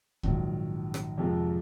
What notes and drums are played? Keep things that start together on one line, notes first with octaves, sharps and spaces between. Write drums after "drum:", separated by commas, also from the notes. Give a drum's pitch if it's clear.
A#1 G#2 D#3 F#3, drum: kick C#2
drum: rim click
F2 C3 F3 G#3